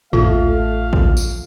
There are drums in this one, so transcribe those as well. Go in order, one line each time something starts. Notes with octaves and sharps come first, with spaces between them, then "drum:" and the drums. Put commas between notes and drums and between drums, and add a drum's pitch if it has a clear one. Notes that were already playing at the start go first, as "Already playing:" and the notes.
A1 A3 F4 F5, drum: tom
drum: kick
drum: tambourine